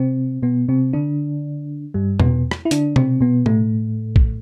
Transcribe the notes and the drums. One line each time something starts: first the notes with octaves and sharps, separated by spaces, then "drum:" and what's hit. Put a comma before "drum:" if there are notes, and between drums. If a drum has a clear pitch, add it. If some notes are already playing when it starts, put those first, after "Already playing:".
Already playing: C3 C4
B2 B3
C3 C4
D3 D4
G2 G3
B2 B3, drum: tom E2
drum: rim click
E4
D3 D4, drum: hi-hat
C3 C4, drum: tom B2
B2 B3
A2 A3, drum: tom B2
drum: kick A#1